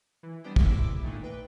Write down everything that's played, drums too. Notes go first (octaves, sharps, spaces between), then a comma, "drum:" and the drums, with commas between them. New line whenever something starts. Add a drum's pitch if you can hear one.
E3
G3 B3 D4 G4 C5
C3 E4 D6 E6, drum: kick
A#2 D#3 A3 D4 D#4
B4 G5